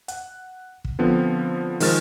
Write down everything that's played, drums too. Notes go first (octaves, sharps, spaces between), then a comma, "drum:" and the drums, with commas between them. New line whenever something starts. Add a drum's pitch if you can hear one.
F#5, drum: hi-hat
drum: kick
D3 F3 B3 C4
D#3 F3 G#3 F6 A6, drum: open hi-hat